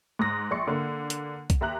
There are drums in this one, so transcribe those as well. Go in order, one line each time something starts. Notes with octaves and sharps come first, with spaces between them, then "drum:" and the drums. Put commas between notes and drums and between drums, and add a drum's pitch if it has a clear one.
G#2 D#6 A#6
A#1 D5 C6 C#6 C#7
D3 A#3
drum: hi-hat
drum: kick C2, hi-hat
D#2 E5 A#5 F#6 F#7